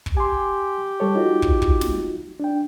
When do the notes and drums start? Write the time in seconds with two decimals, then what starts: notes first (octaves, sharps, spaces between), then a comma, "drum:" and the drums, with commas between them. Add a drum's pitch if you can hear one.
0.06 drum: kick
0.17 G4 G#5 C6
1.00 G3 A4 C#5
1.15 D#4 F4 F#4
1.42 drum: kick
1.62 drum: kick
1.81 drum: snare
2.40 D4 G5